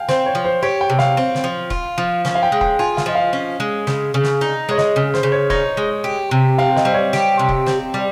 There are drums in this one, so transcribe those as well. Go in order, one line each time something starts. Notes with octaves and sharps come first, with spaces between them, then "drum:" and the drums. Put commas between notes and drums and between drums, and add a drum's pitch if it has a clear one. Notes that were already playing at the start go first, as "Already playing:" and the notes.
Already playing: F5 G5 G#5
C4 C5, drum: snare
C#5
F3
C5
G4 C#5
G5
C3
F5, drum: snare
C4
drum: snare
F3
F4, drum: kick E1
F3
C#4, drum: snare
F5
G5
G#3
G5, drum: kick E1
F4 G#5
F5, drum: snare
F3 D#5
F5
C#4
G#3
C#3, drum: snare
C#3
drum: snare
D#4
G#3 C#5
D#5, drum: snare
C#3
C5, drum: snare
C#3
C#5
D#4 C#5, drum: kick E1
G#3
G4
C3
C4 F5
D#5, drum: snare
G3 C5
C#5
G4, drum: snare
C3
drum: kick E1
C4, drum: snare
G3